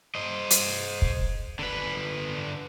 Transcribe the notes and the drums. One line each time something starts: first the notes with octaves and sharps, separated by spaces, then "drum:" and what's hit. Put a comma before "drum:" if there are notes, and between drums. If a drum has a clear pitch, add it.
C5 D#5
drum: hi-hat
drum: kick
D3 B4